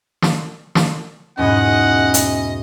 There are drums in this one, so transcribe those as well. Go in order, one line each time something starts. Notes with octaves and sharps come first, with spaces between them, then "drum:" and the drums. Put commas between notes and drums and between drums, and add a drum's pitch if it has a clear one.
drum: snare
drum: snare
E2 G#2 B2 C#4 D#5 F#5
drum: hi-hat